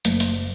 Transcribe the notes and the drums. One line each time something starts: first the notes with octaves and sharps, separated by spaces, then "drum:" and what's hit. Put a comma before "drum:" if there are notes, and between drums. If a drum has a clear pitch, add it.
F#1, drum: hi-hat
drum: hi-hat